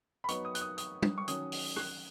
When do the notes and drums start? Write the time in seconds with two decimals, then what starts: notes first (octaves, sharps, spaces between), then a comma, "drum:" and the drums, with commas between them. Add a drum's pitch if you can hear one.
0.24 B5
0.28 F#3 B3 D#4 C#6, drum: hi-hat
0.45 D#6
0.55 F#6, drum: hi-hat
0.61 D#6
0.78 D#6, drum: hi-hat
1.02 drum: tom G3
1.18 C#6
1.28 D#3 F#3 C#4 D#6, drum: hi-hat
1.52 drum: open hi-hat
1.76 F#6, drum: rim click